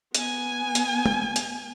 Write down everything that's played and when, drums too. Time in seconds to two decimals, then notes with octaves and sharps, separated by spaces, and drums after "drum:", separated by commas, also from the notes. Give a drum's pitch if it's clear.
0.15 B3 G#5, drum: hi-hat
0.75 drum: hi-hat
1.06 drum: tom G#3
1.36 drum: hi-hat